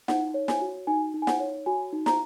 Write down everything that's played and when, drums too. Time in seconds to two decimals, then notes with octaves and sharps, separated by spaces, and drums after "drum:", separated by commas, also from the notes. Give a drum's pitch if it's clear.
0.08 D#4 F#5, drum: snare
0.34 C#5
0.48 G#5, drum: snare
0.61 F#4
0.87 D#4 G#5
1.14 D#4
1.22 G#5
1.27 F#5, drum: snare
1.40 C#5
1.66 F#4 G#5
1.93 D#4
2.06 A#5, drum: snare